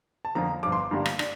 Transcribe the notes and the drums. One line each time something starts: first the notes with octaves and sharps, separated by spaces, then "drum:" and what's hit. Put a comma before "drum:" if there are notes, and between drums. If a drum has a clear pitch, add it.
A5
F2 D3 F3 A#3 A#5
G1 G2 F3 D6
C6
G2 D3 G3 A#3
drum: rim click
D4, drum: rim click